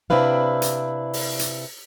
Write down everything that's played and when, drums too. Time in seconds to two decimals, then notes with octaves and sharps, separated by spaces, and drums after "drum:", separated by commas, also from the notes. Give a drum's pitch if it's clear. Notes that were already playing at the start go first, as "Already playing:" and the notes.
0.10 C3 C4 D4 E4 B4 F5
0.62 drum: hi-hat
1.13 drum: open hi-hat
1.39 drum: hi-hat